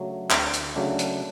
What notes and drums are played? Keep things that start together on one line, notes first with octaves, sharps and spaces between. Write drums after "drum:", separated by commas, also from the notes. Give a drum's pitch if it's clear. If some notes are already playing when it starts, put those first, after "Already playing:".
Already playing: C#3 F#3 A3 D4
D2, drum: clap
drum: hi-hat
C#3 F#3 A3 D4
drum: hi-hat